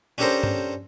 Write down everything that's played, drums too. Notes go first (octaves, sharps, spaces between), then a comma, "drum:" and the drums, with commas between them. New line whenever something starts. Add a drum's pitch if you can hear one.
C#4 D4 G4 A4 A#4 C5
drum: tom G2